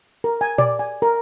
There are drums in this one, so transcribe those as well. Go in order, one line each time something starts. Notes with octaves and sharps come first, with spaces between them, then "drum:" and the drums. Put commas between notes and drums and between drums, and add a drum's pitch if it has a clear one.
A#4
G#5
D5, drum: tom A#2
G#5
A#4